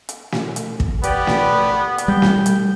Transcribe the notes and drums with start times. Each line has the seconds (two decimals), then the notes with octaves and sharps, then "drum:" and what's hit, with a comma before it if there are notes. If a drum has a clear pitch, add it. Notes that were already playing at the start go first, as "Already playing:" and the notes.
0.09 drum: hi-hat
0.32 drum: snare
0.56 drum: hi-hat
0.80 drum: kick
1.03 B3 G4 B4 D5, drum: hi-hat
1.27 drum: snare
1.98 drum: hi-hat
2.08 G3 G5 G6
2.22 drum: snare
2.46 drum: hi-hat